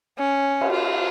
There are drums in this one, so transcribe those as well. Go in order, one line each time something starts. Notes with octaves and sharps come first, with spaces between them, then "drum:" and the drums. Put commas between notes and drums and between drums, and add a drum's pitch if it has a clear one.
C#4
drum: cymbal
F4